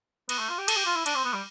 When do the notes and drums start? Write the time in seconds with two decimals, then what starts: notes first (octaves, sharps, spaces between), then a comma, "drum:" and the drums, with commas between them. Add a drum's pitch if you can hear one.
0.29 B3, drum: cymbal
0.39 A3
0.49 F4
0.58 G4
0.68 A4, drum: cymbal
0.76 G4
0.86 F4
0.95 E4
1.06 D4, drum: cymbal
1.15 C4
1.24 B3
1.33 G3